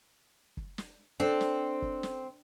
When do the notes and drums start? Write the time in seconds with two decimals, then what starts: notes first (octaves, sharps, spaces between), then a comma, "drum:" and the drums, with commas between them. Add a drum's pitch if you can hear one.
0.57 drum: kick
0.78 drum: snare
1.20 C4 D4 A4
1.41 drum: snare
1.82 drum: kick
2.03 drum: snare